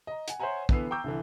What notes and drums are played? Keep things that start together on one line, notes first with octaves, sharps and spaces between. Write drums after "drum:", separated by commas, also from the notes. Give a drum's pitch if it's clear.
D#5 A#5
F#5 G#5, drum: hi-hat
C5 C#5 E5 F#5 G#5 A#5
D3 E3 B3 B4 E6 C7, drum: kick
G5 A#5 C#6 D6 E6 G6
C2 D3 E3